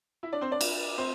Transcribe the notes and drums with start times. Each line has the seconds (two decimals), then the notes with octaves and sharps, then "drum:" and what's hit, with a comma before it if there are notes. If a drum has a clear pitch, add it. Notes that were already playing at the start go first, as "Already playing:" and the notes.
0.23 E4 E5
0.32 D4 D5
0.41 C4 C5
0.51 D4 D5
0.61 drum: cymbal
0.98 C4 C5